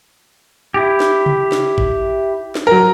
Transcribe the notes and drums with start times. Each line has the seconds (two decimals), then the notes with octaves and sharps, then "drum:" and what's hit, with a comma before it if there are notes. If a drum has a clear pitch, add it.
0.74 E4 G4
1.00 drum: snare
1.26 drum: tom C3
1.52 drum: snare
1.78 drum: kick
2.55 drum: snare
2.67 F#3 A#4